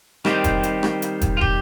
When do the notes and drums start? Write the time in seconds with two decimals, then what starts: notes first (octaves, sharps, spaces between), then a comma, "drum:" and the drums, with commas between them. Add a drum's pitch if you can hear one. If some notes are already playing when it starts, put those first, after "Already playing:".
0.25 D#3 G3 C4 G4, drum: rim click
0.44 drum: kick, hi-hat
0.63 drum: hi-hat
0.83 drum: rim click
1.02 drum: hi-hat
1.21 drum: kick, hi-hat
1.37 F4
1.41 G4, drum: kick